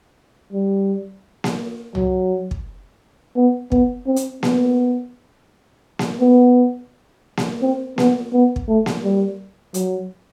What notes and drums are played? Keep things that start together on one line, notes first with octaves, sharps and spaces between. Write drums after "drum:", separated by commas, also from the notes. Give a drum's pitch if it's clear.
G3
drum: snare A#3
F#3, drum: tom C2
drum: kick
B3
B3, drum: kick
C4
drum: hi-hat
B3, drum: snare A#3
drum: snare A#3
B3
drum: snare A#3
C4
B3, drum: snare A#3
B3
drum: kick
A3
drum: snare A#3
G3
F#3, drum: hi-hat